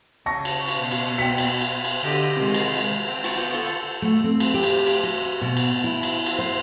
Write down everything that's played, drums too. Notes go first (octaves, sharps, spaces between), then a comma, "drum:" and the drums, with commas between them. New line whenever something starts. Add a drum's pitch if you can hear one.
C#3 A5 C#6 A#6
drum: cymbal
drum: cymbal
B2
drum: cymbal
G5 B6
drum: cymbal
drum: cymbal
drum: cymbal
D3 G4 D#5
C3 D#3 G#3 F4
drum: cymbal
drum: cymbal
C4
F4 C#5 D5, drum: cymbal
B3 F4 C5 A#5
A4 C5 C#5
F5
A3
C4
drum: cymbal
G4
drum: cymbal
drum: cymbal
F#4
B2
drum: cymbal
E4
drum: cymbal
drum: cymbal
C5